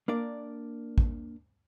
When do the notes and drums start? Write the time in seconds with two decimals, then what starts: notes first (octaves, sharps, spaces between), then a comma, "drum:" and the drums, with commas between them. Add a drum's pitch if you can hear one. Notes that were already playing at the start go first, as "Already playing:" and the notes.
0.08 A#3 D4 A#4 D5
0.98 drum: kick